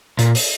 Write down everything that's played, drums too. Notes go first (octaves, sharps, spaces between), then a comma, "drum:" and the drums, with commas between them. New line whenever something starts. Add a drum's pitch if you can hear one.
A#2, drum: hi-hat
drum: open hi-hat